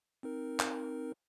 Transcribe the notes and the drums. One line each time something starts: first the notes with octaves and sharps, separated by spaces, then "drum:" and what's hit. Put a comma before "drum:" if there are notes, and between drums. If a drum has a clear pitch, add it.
C4 D#4 A#4
drum: clap